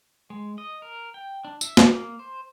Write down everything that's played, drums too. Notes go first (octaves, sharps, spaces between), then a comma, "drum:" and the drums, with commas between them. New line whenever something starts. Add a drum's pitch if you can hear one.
G#3
D#5
A#4
G5
D4
E5, drum: tambourine
drum: snare
A#3
C5